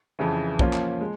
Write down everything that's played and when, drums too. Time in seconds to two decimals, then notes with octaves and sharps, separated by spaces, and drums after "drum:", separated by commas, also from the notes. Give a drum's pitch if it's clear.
0.19 F2 C#3 E3
0.59 F3 A#3 C#4 F4, drum: kick
0.73 drum: clap
1.01 G#3